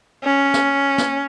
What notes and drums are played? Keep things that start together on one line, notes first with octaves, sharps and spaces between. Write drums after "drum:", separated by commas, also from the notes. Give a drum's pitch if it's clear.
C#4
drum: snare
drum: snare